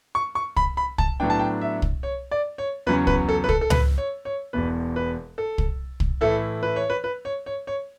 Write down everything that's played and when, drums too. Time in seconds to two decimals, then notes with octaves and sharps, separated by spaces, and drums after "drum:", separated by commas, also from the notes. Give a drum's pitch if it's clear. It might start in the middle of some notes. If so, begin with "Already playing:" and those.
0.15 C#6
0.35 C#6
0.57 B5, drum: kick
0.77 B5
0.98 A5, drum: kick
1.20 A2 F#3 B3 D4 G5
1.30 A5
1.39 G5
1.61 E5
1.82 drum: kick
2.03 C#5
2.31 D5
2.58 C#5
2.87 E2 C#3 F#3 C#4 B4
3.07 B4, drum: kick
3.29 A4
3.44 B4
3.49 A4, drum: kick
3.61 A4
3.70 B4, drum: tom C#2
3.98 C#5
4.25 C#5
4.53 E1 E2 B2 B4
4.96 B4
5.38 A4
5.58 drum: kick
6.00 drum: kick
6.21 A2 E3 A3 E4 A4
6.63 B4
6.76 C#5
6.90 B4
7.04 B4
7.25 C#5
7.46 C#5
7.67 C#5